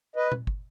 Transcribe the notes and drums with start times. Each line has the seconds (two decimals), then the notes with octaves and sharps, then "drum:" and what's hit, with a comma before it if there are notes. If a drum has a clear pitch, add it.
0.16 B4 D#5
0.32 drum: tom A#2
0.47 drum: kick